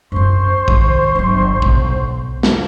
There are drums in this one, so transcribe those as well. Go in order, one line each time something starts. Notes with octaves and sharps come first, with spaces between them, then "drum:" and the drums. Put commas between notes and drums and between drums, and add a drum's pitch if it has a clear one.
F#2 F4 C5 C6 C#6
D#3, drum: kick
G1 F#3
B1, drum: kick
drum: snare